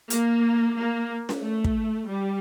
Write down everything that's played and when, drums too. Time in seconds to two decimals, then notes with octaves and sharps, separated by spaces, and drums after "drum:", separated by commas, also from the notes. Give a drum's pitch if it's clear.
0.10 A#3, drum: hi-hat
0.76 A#3
1.29 drum: snare C#4
1.42 A3
1.64 drum: kick
2.07 G3